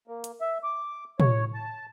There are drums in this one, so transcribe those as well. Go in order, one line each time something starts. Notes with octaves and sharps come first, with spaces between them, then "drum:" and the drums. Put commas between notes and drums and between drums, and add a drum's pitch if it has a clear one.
A#3
drum: hi-hat
E5
D6
C#5, drum: tom
A5